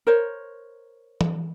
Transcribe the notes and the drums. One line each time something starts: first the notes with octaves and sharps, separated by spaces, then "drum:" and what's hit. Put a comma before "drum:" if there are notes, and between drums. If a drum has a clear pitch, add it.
A#4 C5 C#5
drum: tom E3